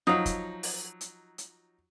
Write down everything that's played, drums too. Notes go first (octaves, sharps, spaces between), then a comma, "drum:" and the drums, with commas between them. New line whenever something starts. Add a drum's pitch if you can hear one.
F3 F#3 D#4 D#5 F5
drum: kick, hi-hat
drum: open hi-hat
drum: hi-hat
drum: hi-hat